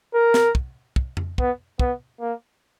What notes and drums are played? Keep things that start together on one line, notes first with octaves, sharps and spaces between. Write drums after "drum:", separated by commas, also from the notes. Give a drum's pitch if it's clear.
A#4
drum: snare
drum: kick
drum: kick
drum: tom F2
B3, drum: kick
B3, drum: kick
A#3